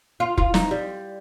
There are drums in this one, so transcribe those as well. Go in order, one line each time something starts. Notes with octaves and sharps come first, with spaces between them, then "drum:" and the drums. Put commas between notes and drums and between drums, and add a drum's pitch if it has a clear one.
F4
F4, drum: kick
D#4, drum: snare
G3